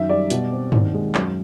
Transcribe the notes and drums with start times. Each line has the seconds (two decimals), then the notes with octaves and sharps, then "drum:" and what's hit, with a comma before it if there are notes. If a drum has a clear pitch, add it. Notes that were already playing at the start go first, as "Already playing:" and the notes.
Already playing: F#2 D#3 E5
0.09 G3 D5
0.30 B2, drum: hi-hat
0.51 C4
0.72 D#2, drum: tom G2
0.94 G#3
1.15 F#2, drum: clap